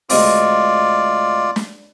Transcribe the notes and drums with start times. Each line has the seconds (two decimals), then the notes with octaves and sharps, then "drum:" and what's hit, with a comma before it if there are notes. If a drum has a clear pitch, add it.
0.10 D2 G#3 C4 F4 D5, drum: open hi-hat
1.56 drum: snare